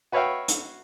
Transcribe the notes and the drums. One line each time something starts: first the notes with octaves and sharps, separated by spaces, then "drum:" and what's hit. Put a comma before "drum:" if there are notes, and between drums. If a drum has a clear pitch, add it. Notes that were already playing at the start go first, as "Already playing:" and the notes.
F#4 B4 C#5 E5 F5 G5
drum: hi-hat